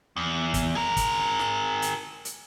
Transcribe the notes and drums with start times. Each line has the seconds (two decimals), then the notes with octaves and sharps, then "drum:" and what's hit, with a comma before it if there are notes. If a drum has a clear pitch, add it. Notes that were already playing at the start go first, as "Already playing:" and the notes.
0.17 E2
0.54 drum: kick, hi-hat
0.75 G#4 A#4
0.97 drum: kick, hi-hat
1.39 drum: snare
1.82 drum: hi-hat
2.25 drum: hi-hat